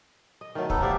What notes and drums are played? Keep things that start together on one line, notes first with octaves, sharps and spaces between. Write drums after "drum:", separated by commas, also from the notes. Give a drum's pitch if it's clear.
D#5
D#3 F#3 A3
A3 B3 D#4 A4, drum: kick
C3 D5 E5 F5